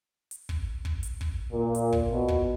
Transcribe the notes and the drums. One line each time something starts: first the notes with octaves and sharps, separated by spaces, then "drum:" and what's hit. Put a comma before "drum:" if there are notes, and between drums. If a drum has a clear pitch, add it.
drum: hi-hat
drum: kick
drum: kick
drum: hi-hat
drum: kick
A#2
drum: hi-hat
drum: kick
B2
drum: kick